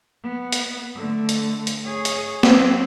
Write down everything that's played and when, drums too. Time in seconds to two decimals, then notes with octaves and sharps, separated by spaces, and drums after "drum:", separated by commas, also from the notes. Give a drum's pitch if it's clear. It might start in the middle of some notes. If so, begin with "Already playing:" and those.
0.23 B3
0.52 drum: hi-hat
0.95 D3 A3
1.29 drum: hi-hat
1.67 drum: hi-hat
1.85 G#4 C#5
2.05 drum: hi-hat
2.43 F#3 C4, drum: snare